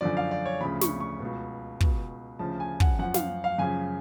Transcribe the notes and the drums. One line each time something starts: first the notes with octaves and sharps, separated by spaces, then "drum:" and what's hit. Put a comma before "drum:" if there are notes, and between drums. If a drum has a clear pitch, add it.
F#2 D3 F3 D5
F5
D5
C#5
D2 C#3 F3 B5
C#6, drum: snare
C#6
C#2 B2
C#2 B2, drum: kick
D2 C#3 F3 A5
G#5
F#5, drum: kick
F#2 F3 F#5
F5, drum: snare
F5
F#2 C#3 F3 G#5